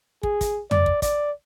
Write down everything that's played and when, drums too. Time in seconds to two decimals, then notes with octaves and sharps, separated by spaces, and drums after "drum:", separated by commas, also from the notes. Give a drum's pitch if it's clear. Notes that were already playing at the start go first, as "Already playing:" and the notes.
0.23 G#4, drum: kick
0.41 drum: kick, hi-hat
0.71 D5, drum: tom
0.86 drum: kick
1.02 D5, drum: kick, hi-hat